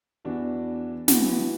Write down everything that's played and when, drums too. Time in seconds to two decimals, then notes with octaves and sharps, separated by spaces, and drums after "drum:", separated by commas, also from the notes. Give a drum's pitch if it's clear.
0.25 E2 E3 D4 F#4
1.08 E3 B3 F#4, drum: snare